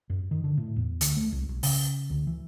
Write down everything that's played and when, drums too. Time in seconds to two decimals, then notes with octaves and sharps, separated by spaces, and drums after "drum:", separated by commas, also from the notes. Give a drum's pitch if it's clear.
0.10 F#2
0.31 D#3
0.44 D3
0.57 A2
0.76 E2
1.01 D2, drum: hi-hat
1.17 A3
1.32 C2
1.49 B1
1.63 C#3, drum: open hi-hat
2.10 D2
2.27 E3